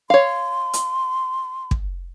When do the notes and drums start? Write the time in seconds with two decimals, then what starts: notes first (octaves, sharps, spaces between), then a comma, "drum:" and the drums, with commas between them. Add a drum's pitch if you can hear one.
0.10 C#5 F5 C6
0.73 drum: hi-hat
1.71 drum: kick